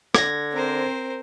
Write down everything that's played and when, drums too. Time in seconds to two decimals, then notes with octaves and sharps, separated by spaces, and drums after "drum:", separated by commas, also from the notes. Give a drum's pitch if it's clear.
0.15 D3 G#6 A#6, drum: rim click
0.53 C4 A#4 C5